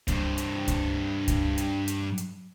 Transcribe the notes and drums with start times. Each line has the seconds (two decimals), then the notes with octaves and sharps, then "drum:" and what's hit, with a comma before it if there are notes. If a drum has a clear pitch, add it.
0.08 G2 C5, drum: kick C#2, hi-hat
0.38 drum: hi-hat
0.68 drum: kick C#2, hi-hat
1.28 drum: kick C#2, hi-hat
1.58 drum: hi-hat
1.88 drum: hi-hat
2.18 drum: hi-hat